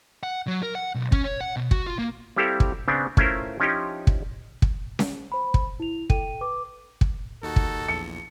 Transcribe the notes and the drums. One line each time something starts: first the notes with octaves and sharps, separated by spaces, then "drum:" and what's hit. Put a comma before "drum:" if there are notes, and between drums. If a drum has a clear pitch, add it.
F#5
F#3
A#4
F#5
B1
C#4, drum: kick
C#5
F#5
B2
F#4, drum: kick
F4
A#3
G3 C4 E4 G4 A4 F5
drum: kick
C#3 B3 C4 D4
A3 C#4 E4 F4 A#4 C5, drum: kick
F3 C#4 D#4 E4 G4
drum: kick
drum: kick
drum: snare C#4
C5 B5
drum: kick
E4 F7
A4 G5 D#7, drum: kick
B4 D6
drum: kick
D#2 D#4 F#4 A4
drum: kick
A#1 E2 C#7